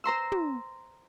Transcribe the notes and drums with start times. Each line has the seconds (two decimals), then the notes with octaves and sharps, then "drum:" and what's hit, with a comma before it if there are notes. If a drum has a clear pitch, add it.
0.04 C5 A#5 C6 E6
0.32 drum: tom